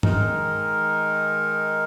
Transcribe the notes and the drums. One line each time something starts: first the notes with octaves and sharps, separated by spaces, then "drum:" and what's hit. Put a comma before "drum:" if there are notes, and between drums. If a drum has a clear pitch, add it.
D#3 G#3 D#4 A#4, drum: tom G2